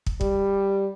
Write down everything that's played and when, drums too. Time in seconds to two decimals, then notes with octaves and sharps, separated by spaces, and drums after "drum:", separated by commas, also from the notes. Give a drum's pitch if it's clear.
0.07 drum: kick
0.21 G3, drum: kick